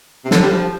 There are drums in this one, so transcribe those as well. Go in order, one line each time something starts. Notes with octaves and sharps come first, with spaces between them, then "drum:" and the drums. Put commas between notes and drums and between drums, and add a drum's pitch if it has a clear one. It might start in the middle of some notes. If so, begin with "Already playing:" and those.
C3
D3, drum: snare
G3
F3